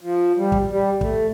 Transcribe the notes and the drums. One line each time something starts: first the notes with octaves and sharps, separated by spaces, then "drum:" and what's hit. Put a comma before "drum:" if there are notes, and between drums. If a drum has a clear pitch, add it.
F3
G3
drum: kick
G3
A3, drum: kick